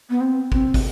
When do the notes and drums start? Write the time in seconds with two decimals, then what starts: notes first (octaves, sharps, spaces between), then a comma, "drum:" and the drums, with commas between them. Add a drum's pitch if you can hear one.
0.10 B3
0.21 C4
0.52 C4, drum: kick
0.74 drum: kick, open hi-hat